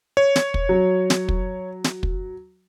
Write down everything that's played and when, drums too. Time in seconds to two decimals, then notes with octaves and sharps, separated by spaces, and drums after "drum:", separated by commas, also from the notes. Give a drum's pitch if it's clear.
0.17 C#5
0.36 drum: snare
0.54 drum: kick
0.69 F#3
1.10 drum: snare
1.29 drum: kick
1.84 drum: snare
2.03 drum: kick